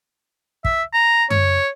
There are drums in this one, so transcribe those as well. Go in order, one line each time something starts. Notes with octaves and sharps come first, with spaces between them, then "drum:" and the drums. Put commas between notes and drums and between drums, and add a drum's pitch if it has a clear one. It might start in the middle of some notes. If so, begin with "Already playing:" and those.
E5, drum: kick
A#5
C#5, drum: tom F#2